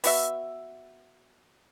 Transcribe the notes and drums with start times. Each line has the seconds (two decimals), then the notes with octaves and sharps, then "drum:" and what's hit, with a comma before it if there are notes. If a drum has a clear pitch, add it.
0.04 B3 F#4 E5, drum: open hi-hat